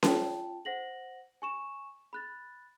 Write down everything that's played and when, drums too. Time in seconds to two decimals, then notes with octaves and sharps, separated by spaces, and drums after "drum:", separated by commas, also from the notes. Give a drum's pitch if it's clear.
0.03 F4 G5 A5, drum: snare C#4
0.65 C5 F#5 A#6 F#7
1.42 G#5 C#6 E7
2.13 B5 F#6 A6